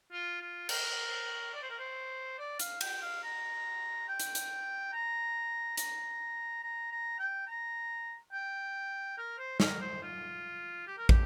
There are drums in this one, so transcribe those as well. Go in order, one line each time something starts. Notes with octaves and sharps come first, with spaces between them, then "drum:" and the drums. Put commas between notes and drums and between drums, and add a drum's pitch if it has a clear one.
F4
F4
A#4, drum: cymbal
D5
C5
A#4
C5
D5
F5, drum: hi-hat
G5, drum: cymbal
F5
A#5
G5
drum: hi-hat
drum: hi-hat
A#5
A#5, drum: hi-hat
A#5
A#5
G5
A#5
G5
A#4
C5
A#4, drum: snare
C5
F4
G4
A#4
G4, drum: kick